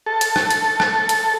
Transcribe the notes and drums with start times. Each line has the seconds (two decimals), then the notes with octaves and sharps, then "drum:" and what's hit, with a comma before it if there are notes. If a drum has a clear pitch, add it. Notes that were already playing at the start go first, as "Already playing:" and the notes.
0.06 A4
0.21 drum: hi-hat
0.36 drum: rim click
0.50 drum: hi-hat
0.80 drum: rim click
1.09 drum: hi-hat